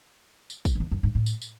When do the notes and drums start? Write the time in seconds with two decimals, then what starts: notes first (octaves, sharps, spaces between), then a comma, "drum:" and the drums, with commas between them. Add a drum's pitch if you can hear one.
0.50 drum: tambourine
0.65 drum: kick, tambourine
0.75 F#2
0.80 E2
0.91 F#2
1.03 G#2
1.15 A2
1.26 drum: tambourine
1.42 drum: tambourine